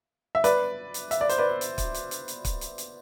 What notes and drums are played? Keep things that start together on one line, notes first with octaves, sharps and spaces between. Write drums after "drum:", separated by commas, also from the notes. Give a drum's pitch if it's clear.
E5
B4 D5, drum: hi-hat
drum: hi-hat
E5, drum: hi-hat
D5
C5, drum: hi-hat
B4 D5
drum: hi-hat
drum: kick, hi-hat
drum: hi-hat
drum: hi-hat
drum: hi-hat
drum: kick, hi-hat
drum: hi-hat
drum: hi-hat